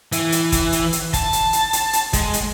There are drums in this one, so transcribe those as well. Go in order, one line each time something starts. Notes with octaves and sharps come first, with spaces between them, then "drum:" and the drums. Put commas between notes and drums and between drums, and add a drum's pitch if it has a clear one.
E3, drum: hi-hat
drum: hi-hat
drum: kick, hi-hat
drum: hi-hat
drum: hi-hat
A5, drum: kick, hi-hat
drum: hi-hat
drum: hi-hat
drum: hi-hat
drum: hi-hat
G#3, drum: kick, hi-hat
drum: hi-hat